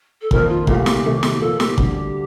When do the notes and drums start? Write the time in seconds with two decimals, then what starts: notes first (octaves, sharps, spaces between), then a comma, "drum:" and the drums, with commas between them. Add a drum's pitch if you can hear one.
0.21 A4
0.31 F2 D#3 A#3 F4 A#4, drum: kick
0.49 F4
0.67 C2 A#2 A3 G4, drum: kick
0.86 drum: snare
1.05 C3 D#3 A3
1.23 drum: snare
1.40 A#2 F3 A#3 F4 A4
1.60 G4, drum: snare
1.78 D2 D3 G3 D4 G4, drum: kick